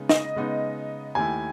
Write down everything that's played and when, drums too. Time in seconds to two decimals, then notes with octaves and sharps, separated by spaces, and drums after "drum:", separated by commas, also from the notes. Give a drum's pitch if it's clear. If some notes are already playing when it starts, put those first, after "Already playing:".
Already playing: C#3 G#3 B3 D#4
0.09 D#5, drum: snare
0.36 C#3 G#3 B3 D#4
1.15 D#2 D#3 A3 E4 G#5